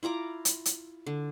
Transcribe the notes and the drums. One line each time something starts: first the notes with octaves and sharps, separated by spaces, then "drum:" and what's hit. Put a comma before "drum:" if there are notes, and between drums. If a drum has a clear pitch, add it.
E4 F4 A#5 D6
drum: hi-hat
drum: hi-hat
D3